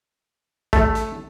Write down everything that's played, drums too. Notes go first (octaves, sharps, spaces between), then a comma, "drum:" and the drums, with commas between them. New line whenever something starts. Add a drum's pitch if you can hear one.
A3, drum: kick A1, hi-hat
drum: hi-hat